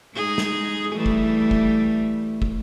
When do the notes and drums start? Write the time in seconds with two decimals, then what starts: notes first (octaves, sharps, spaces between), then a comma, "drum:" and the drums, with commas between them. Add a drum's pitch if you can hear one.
0.15 G#3 D#4 G#4
0.38 drum: snare
0.93 E3 G3 A3
1.06 drum: kick
1.51 drum: kick
2.42 drum: kick